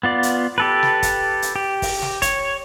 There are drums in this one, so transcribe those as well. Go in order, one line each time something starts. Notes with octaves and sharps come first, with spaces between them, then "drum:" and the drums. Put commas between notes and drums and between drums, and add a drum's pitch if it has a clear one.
B3 F4 D5
drum: hi-hat
G4 A4 B4
drum: snare
drum: kick, hi-hat
drum: hi-hat
G4
drum: kick, open hi-hat
drum: snare
C#5, drum: kick, hi-hat